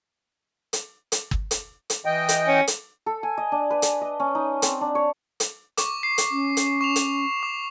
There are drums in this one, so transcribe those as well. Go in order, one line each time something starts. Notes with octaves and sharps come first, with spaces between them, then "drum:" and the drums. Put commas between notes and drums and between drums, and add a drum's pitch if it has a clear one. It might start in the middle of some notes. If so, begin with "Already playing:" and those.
drum: hi-hat
drum: hi-hat
drum: kick
drum: hi-hat
drum: hi-hat
E3 D#5 G5
drum: hi-hat
C#4
drum: hi-hat
A4
G#5
D#5
D4
B4
A5, drum: hi-hat
D#5
C#4
D#4
C4, drum: hi-hat
D4
C#5
drum: hi-hat
C#6 D6, drum: hi-hat
C7
drum: hi-hat
C#4
drum: hi-hat
C#6 E7 F7
drum: hi-hat
D6